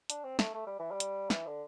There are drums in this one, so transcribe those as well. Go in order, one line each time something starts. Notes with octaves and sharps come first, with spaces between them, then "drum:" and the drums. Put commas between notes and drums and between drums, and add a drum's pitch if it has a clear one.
D4, drum: hi-hat
C4
A3, drum: snare
A3
G3
E3
G3
drum: hi-hat
E3, drum: snare
D3